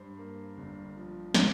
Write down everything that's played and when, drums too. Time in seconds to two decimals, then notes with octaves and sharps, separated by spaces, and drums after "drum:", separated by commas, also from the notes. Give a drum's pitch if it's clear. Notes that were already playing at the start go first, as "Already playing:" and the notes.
Already playing: G2 C5
0.18 A#3
0.57 G1
0.96 F3
1.34 C#3 C5, drum: snare